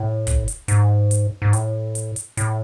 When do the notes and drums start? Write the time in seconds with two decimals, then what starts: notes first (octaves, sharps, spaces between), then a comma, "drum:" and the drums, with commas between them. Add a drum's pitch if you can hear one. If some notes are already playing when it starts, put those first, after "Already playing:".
Already playing: A2
0.27 drum: kick, hi-hat
0.48 drum: hi-hat
0.68 G#2, drum: hi-hat
1.11 drum: hi-hat
1.42 G#2
1.53 A2, drum: hi-hat
1.95 drum: hi-hat
2.16 drum: hi-hat
2.37 A2, drum: hi-hat